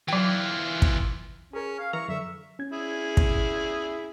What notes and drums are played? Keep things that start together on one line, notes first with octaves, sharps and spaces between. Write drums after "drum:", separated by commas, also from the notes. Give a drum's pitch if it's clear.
E3 F#3 F4 G5
drum: kick
C#4 G#4 A#4
F5
E3 E5 A#5 C#6
F#2 D3 E5
C#4 G#6
E4 G#4
drum: kick